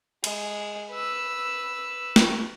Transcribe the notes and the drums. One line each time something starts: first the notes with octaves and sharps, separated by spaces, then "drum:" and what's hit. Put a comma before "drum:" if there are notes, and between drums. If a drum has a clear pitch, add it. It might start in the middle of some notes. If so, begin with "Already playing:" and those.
G#3, drum: cymbal
B4 E6
drum: snare